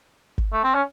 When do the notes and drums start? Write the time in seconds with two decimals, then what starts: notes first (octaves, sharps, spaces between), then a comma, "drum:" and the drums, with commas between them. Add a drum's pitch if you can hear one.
0.38 drum: kick
0.53 A3
0.64 C4
0.74 C#4